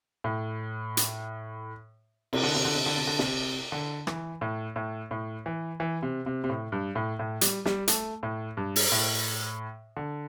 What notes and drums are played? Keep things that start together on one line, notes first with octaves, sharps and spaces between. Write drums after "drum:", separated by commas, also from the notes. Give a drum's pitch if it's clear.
A2
drum: hi-hat
C3, drum: cymbal
D3
C3
D3
C3
D3
C3
D3
C3, drum: snare
D3
E3, drum: rim click
A2
A2
A2
E3
E3
C3
C3
C3
A2
G2
A2
A2
G3, drum: hi-hat
G3, drum: snare
A3, drum: hi-hat
A2
G2
drum: open hi-hat
A2
D3